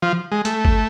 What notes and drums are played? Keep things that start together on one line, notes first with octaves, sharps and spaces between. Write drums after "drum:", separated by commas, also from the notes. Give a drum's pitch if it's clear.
F3
G#3
A3, drum: hi-hat
drum: kick G1